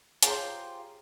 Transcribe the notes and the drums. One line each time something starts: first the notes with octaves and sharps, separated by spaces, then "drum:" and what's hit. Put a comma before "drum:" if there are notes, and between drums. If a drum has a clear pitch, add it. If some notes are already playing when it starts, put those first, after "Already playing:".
F4 G4 G#4 C5 C#5 A#5, drum: hi-hat